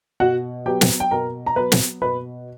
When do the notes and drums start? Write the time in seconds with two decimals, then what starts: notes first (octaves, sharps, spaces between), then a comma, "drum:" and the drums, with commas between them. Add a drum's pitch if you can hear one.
0.20 B2 F#4 F#5
0.66 F#3 B3 G4 G5
0.81 drum: snare
1.00 G5
1.11 B2 A#4 A#5
1.46 A#5
1.56 F#3 B3 B4 B5
1.72 drum: snare
2.02 B2 B4 B5